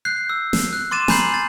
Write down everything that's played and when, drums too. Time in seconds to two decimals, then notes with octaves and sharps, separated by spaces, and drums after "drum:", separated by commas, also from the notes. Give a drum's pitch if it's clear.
0.05 F#6 G6 C7
0.29 E6
0.53 drum: snare
0.73 F#6
0.91 C6 D6 A6 D#7 E7
1.08 G#5 A#5 B5 G6 C7 F#7, drum: snare
1.34 A6